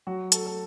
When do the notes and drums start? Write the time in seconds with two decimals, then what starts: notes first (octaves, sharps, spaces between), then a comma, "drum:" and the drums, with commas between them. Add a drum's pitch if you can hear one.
0.07 F#3 F#4
0.32 A4, drum: hi-hat
0.46 A4